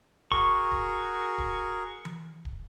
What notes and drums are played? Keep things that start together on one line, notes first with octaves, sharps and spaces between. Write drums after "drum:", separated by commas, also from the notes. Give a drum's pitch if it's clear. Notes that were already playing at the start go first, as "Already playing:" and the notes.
F#4 G#4 A#4 C#6, drum: kick D1
drum: kick D1
drum: kick D1
drum: tom E3
drum: kick D1